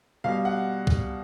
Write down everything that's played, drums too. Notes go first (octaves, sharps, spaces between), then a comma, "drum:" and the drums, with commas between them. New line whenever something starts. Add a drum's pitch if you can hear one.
B2 G3 F5
F#5
drum: kick